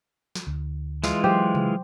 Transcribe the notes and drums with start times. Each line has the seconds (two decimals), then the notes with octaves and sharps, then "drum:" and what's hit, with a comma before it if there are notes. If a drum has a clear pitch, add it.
0.35 drum: snare
0.47 D2
1.04 E3 G#3 F4, drum: snare
1.24 F#3 G4 C5
1.55 drum: tom C3